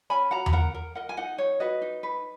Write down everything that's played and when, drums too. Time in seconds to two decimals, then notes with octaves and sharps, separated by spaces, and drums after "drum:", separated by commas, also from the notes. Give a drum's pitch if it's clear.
0.10 C#4 G#5 B5
0.31 F#4 F#5 A#5
0.46 B5, drum: tom E2
0.53 A#4 F#5 A#5
0.74 A#4
0.95 A#4 D#5 F#5
1.09 G#5
1.17 D#4 D#5 F#5
1.38 D#4 C#5
1.60 F#4 B4 D#5
1.82 D#4
2.03 B4